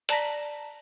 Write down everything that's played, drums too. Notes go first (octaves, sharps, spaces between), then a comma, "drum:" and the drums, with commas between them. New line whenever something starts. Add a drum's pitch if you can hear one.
D5 A5 A#5 A#6 B6, drum: hi-hat